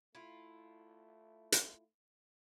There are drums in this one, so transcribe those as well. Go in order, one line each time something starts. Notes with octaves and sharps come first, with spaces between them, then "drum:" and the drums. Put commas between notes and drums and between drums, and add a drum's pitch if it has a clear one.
A3 E4 F4
drum: hi-hat